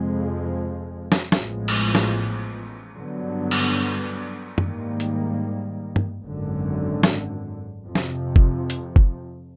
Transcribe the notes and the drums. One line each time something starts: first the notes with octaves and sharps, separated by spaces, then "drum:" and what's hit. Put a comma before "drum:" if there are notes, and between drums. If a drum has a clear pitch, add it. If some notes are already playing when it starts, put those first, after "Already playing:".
Already playing: F2 C3 F3 G#3
drum: snare
A1 A2 F3 G#3 B3, drum: snare
drum: cymbal
drum: snare
G2 D3 F#3 B3
drum: cymbal
G#2 D#3 G3 A#3, drum: tom F#2
drum: hi-hat
drum: tom G2
G#1 F#2 D3
drum: snare
F2 C3 F3
drum: snare
drum: kick F#1
drum: hi-hat
drum: kick F#1